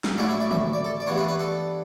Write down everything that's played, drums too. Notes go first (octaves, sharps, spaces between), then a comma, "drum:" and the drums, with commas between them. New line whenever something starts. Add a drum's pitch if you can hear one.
drum: snare
A2 F#3 C#4 E4 D5
E5
D5
E5, drum: tom
D5
A4
D5
G2 E3 B3 D4 C#5
B4
B4
A4